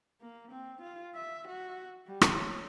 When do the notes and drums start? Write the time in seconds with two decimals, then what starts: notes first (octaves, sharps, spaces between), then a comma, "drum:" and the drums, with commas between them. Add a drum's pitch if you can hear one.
0.21 A#3
0.51 C4
0.81 F4
1.14 E5
1.48 F#4
2.07 G3
2.21 drum: rim click
2.36 C#5